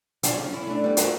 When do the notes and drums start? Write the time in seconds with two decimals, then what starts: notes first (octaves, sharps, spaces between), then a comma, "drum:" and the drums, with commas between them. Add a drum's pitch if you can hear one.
0.23 F#3 D4 F4 G#4 C#5, drum: hi-hat
0.37 D3 C#4 F4
0.52 C#4 E4
0.67 A3 D4
0.84 G3 B3
0.97 F2 F3 F#4 A#4 E5, drum: hi-hat